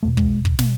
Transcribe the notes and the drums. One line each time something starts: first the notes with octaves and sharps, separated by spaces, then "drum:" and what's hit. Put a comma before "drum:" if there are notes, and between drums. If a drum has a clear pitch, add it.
F1 E2 B2 A3
G#3, drum: kick
drum: kick
B2, drum: snare